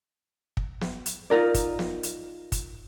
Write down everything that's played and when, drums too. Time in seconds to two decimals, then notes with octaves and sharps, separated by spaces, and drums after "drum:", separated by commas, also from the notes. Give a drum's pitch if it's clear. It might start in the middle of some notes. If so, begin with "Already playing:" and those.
0.57 drum: kick
0.81 drum: snare
1.06 drum: hi-hat
1.30 D#4 F4 A#4 D5
1.54 drum: kick, hi-hat
1.79 drum: snare
2.03 drum: hi-hat
2.52 drum: kick, hi-hat